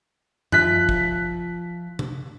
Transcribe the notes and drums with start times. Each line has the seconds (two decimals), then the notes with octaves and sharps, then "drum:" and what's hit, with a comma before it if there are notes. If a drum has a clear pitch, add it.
0.52 F3 F4 E5 F#6 B6, drum: tom F#2
0.89 drum: kick
1.99 drum: tom C3